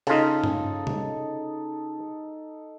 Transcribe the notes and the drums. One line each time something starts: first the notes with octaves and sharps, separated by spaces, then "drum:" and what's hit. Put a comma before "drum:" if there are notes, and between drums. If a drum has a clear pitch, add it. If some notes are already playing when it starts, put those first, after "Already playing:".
C#3 D#4 F4 A4, drum: cymbal
drum: tom G2
drum: tom